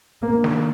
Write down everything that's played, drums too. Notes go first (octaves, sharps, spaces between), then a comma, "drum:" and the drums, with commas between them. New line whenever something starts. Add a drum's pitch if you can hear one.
A#3
D4
D#3 D#4, drum: snare